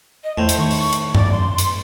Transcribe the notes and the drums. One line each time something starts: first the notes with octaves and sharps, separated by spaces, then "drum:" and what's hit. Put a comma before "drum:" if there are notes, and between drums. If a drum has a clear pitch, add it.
D#5
E2 A2 C5
drum: hi-hat
D#3 C#6
drum: open hi-hat
drum: hi-hat
D5, drum: tom G2
F#2 C6
drum: hi-hat